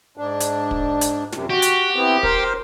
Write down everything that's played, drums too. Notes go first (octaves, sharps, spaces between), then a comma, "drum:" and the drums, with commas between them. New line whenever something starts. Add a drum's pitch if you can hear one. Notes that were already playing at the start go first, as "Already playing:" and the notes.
G#2 D4
drum: hi-hat
drum: kick
drum: hi-hat
F#2 C3, drum: snare
F#4 G4
drum: hi-hat
E3 B3 C4
A#4 C5, drum: kick